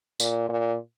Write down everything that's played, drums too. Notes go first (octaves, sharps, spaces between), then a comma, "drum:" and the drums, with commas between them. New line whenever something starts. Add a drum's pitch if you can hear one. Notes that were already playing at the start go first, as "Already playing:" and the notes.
A#2, drum: tambourine
A#2